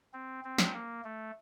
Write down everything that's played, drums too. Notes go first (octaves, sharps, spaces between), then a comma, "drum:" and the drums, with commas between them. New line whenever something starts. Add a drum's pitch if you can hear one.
C4
C4
drum: snare
A#3
A3